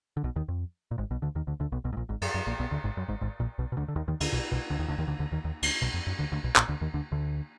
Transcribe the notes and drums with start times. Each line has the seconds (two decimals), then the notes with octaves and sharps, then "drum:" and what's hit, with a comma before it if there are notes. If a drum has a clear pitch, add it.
0.17 D3
0.24 B1 B2
0.36 D#2 D#3
0.48 F2
0.91 A#2
0.98 G#1 G#2
1.11 B1 B2
1.22 D2 D3
1.35 D#2 D#3
1.47 D2 D3
1.60 D2 D3
1.72 B1 B2
1.84 B1 B2
1.93 G#2
1.97 A#1 A#2
2.09 G#1 G#2
2.22 F#2, drum: cymbal
2.34 F#2
2.47 A#1 A#2
2.59 B1 B2
2.71 D2 D3
2.84 G#1 G#2
2.97 F#2
3.08 G#1 G#2
3.21 G#1 G#2
3.40 A#1 A#2
3.58 B1 B2
3.72 B2
3.77 D2 D3
3.88 D3
3.96 D#2 D#3
4.08 D#2 D#3
4.20 D2 D3, drum: cymbal
4.32 B1 B2
4.52 B1 B2
4.70 D2 D3
4.79 D#2 D#3
4.88 D2 D3
4.98 D#2 D#3
5.07 D2 D3
5.19 D2 D3
5.32 D#2 D#3
5.45 D#2 D#3
5.63 D2 D3, drum: cymbal
5.82 B1 B2
5.94 F2
6.07 F#2
6.19 D2 D3
6.32 D2 D3
6.44 B1 B2
6.56 A#1 A#2, drum: clap
6.68 D2 D3
6.81 D#2 D#3
6.94 D2 D3
7.12 D2 D3